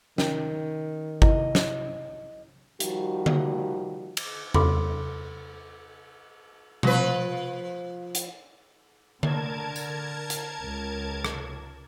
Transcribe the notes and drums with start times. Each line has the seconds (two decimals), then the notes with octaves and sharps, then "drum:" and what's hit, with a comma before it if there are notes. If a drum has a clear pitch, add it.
0.18 D#3 C#4, drum: snare
1.22 E4 D#5, drum: kick
1.55 drum: snare
2.80 D#3 F3 G3 F#4, drum: hi-hat
3.26 drum: tom D3
4.17 drum: cymbal
4.54 A4 B5 C6 D6, drum: tom E2
6.83 F3 B4, drum: tom B2
8.15 drum: hi-hat
9.23 D3 A#4 A5 G#6, drum: tom D3
9.76 drum: tambourine
10.30 drum: hi-hat
10.60 C#2
11.25 drum: rim click